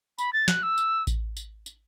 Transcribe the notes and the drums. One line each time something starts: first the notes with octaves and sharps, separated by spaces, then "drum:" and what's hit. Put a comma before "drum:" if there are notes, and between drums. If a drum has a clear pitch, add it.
B5, drum: tambourine
A6
F#6, drum: snare
E6
drum: tambourine
drum: kick A1, tambourine
drum: tambourine
drum: tambourine